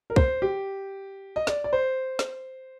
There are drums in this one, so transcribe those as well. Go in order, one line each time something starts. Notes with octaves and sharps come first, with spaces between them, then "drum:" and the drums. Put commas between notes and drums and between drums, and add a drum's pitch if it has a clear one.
A#4
C5, drum: kick
G4
D#5
D5, drum: snare
D5
C5
drum: snare